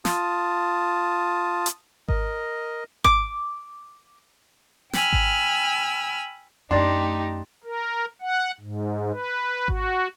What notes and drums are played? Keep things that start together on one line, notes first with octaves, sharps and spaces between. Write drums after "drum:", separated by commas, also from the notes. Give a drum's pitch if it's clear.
F4 A5 D#6, drum: snare
drum: hi-hat
A#4 D#5, drum: kick G#1
D6, drum: kick G#1
G5 G#5 B5 E6 F6, drum: snare
drum: kick G#1
F#2 A3 D4 D#4 G4 C6 A6
A#4
F#5
G#2
B4
F#4, drum: kick G#1